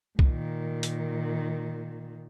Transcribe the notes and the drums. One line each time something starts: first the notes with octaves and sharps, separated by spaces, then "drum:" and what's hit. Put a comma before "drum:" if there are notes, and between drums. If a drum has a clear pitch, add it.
A#2 D#3, drum: kick C2
drum: hi-hat